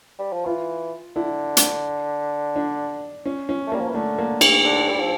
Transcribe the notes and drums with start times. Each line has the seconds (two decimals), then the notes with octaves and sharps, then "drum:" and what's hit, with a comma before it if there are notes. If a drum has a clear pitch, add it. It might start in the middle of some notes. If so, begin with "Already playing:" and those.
0.19 G3
0.32 F3
0.45 E3 F4
1.16 D3 E4
1.57 drum: hi-hat
2.56 D4
3.26 C#4
3.49 C#4
3.67 A3
3.72 G3 A#3
3.81 F3
3.88 E3
3.95 D3 A3
4.19 A#3
4.41 A#3, drum: cymbal
4.65 D3
4.89 G3
5.00 F3